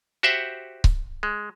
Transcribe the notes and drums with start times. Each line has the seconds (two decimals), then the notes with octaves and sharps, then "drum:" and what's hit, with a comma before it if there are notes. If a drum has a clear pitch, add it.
0.23 F#4 G4 C5 E5 F#5
0.84 drum: kick C#1
1.23 G#3